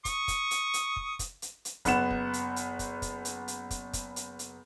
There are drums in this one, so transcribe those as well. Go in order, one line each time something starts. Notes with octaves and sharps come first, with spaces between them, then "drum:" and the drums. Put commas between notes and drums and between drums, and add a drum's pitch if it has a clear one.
C#6 D#6, drum: kick, hi-hat
drum: kick, hi-hat
drum: hi-hat
drum: hi-hat
drum: kick
drum: kick, hi-hat
drum: hi-hat
drum: hi-hat
F#1 B3 F#5 E7, drum: kick, hi-hat
drum: kick
drum: hi-hat
drum: hi-hat
drum: kick, hi-hat
drum: kick, hi-hat
drum: hi-hat
drum: hi-hat
drum: kick, hi-hat
drum: kick, hi-hat
drum: hi-hat
drum: hi-hat